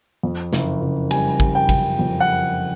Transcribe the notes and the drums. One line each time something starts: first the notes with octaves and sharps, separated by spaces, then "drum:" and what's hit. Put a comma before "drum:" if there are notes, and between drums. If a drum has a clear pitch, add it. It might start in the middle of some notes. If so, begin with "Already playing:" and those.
F2
F#1, drum: snare
F#1
G3 G#5, drum: cymbal
G3, drum: kick
G5
F#1, drum: kick, cymbal
F2
F#5